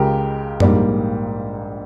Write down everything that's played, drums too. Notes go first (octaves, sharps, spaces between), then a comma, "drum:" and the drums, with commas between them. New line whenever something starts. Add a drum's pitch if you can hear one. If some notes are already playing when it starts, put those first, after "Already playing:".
Already playing: C#2 C#3 G#3 G4 A#4
A#1 G#2 G3 A#3, drum: tom F#2